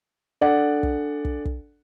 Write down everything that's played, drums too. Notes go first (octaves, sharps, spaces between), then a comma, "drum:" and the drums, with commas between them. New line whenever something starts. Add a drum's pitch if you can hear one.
D4 A4 D5 F#5
drum: kick
drum: kick
drum: kick